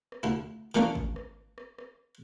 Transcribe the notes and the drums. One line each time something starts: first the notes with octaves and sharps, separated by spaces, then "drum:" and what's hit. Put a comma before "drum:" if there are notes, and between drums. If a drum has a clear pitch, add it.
drum: rim click
D2 E4
D#3 E3 A3 A#3 C#4 D4
drum: kick
drum: rim click
drum: rim click
drum: rim click